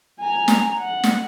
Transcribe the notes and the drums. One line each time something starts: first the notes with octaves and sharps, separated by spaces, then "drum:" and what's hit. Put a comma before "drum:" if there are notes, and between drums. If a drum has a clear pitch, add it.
G#5 A#5
drum: snare
F#5
drum: snare